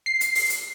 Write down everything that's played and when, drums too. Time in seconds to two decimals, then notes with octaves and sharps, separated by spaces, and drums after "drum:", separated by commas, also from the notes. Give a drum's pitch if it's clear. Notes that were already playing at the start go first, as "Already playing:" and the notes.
0.06 C7
0.21 drum: hi-hat
0.35 drum: open hi-hat
0.50 drum: hi-hat